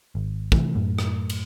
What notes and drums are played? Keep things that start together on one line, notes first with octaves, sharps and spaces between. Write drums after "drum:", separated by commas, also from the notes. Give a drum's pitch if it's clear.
G#1
C3 E3 A3, drum: kick
F#2 A2
drum: rim click
drum: cymbal